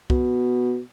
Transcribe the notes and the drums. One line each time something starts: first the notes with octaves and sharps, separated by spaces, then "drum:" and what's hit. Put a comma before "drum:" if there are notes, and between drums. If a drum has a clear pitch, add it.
B2, drum: kick C2